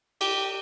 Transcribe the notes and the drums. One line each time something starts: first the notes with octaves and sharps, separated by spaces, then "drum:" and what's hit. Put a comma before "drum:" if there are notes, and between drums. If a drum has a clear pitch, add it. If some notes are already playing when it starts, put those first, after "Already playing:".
G4, drum: cymbal